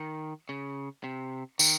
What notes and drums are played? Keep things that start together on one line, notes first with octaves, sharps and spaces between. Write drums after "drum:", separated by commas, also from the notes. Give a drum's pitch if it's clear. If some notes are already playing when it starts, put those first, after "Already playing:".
Already playing: D#3
C#3
C3
D#3, drum: tambourine